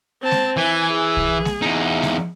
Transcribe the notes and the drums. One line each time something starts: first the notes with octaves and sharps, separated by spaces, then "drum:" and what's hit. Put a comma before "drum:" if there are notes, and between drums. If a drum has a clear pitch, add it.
C4 A5
drum: snare G#3
E3 G#5
G#4
drum: kick
drum: snare G#3
E2 D#4
drum: snare G#3